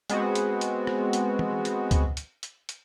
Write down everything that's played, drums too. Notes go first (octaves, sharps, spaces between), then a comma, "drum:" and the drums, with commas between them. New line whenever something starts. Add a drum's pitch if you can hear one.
G#3 B3 C4 F#4, drum: hi-hat
drum: hi-hat
drum: hi-hat
drum: rim click
drum: hi-hat
drum: tom
drum: hi-hat
drum: kick C#2, hi-hat
drum: hi-hat
drum: hi-hat
drum: hi-hat